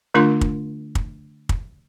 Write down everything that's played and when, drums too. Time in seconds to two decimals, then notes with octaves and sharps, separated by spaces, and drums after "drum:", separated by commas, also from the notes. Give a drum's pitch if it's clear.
0.14 D3 A3 D4 F4 A#4 C6
0.41 drum: kick
0.95 drum: kick
1.49 drum: kick